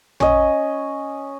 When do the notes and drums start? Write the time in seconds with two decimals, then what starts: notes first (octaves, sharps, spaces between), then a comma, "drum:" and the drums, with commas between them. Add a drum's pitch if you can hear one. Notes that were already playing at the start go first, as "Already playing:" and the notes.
0.20 C#4 D#5, drum: tom